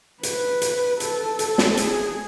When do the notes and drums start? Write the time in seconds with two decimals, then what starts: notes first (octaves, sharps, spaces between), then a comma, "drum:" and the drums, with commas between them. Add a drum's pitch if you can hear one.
0.23 B4, drum: hi-hat
0.62 drum: hi-hat
1.00 A4, drum: hi-hat
1.39 drum: hi-hat
1.58 drum: snare
1.77 G#4, drum: hi-hat